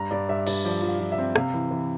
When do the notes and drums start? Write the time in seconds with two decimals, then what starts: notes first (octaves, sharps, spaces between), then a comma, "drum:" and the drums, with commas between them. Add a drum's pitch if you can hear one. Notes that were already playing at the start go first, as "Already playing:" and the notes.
Already playing: G2 A#5
0.11 G2 D5
0.29 G2 E5
0.47 G2 D5, drum: cymbal
0.65 F3 D5
0.82 F3
0.89 F5
1.00 F3
1.12 E5
1.19 C4
1.36 C3 F5, drum: rim click
1.54 E3
1.71 E3